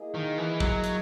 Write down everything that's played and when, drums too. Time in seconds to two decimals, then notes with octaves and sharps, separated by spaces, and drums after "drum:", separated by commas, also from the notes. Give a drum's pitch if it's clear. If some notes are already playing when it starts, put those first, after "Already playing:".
Already playing: A#3 E4 G#4 D#5
0.14 D#3
0.38 E3
0.60 F#3, drum: kick
0.84 drum: hi-hat